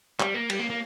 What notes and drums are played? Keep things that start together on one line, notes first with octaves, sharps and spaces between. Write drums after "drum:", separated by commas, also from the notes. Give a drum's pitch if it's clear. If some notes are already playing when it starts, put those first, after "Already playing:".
G3, drum: clap
A#3
G3, drum: cymbal
A#3
A#3